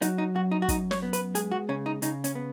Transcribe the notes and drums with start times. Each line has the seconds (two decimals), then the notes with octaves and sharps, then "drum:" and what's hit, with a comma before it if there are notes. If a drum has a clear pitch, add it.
0.02 F#3 D#4, drum: hi-hat
0.18 D#4
0.35 F#2 F#4
0.51 D#4
0.62 F#4
0.69 F#2 D#4, drum: kick, hi-hat
0.91 C#5, drum: snare
1.02 B3
1.13 B4, drum: hi-hat
1.35 G#3 G#4, drum: hi-hat
1.51 F#4
1.69 C#3 C#4
1.86 D#4
2.02 C#3 D#4, drum: hi-hat
2.24 C#4, drum: hi-hat
2.35 B3